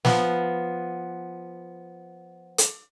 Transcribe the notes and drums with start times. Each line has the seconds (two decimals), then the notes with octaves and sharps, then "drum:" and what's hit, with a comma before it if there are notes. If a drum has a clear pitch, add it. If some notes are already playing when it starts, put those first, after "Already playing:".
0.05 F3 B3, drum: snare
2.58 drum: hi-hat